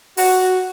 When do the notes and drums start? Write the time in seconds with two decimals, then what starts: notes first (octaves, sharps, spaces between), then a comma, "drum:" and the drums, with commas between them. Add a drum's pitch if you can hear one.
0.17 F#4, drum: open hi-hat